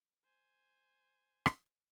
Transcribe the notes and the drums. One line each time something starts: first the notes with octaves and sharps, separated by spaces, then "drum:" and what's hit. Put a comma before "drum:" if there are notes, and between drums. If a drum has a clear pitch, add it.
C5 G#5
drum: rim click